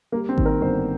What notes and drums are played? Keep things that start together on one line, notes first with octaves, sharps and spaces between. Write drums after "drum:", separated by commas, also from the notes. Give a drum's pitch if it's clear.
G3 A#3
C4
D#3, drum: kick G#1
A#4
G1 C5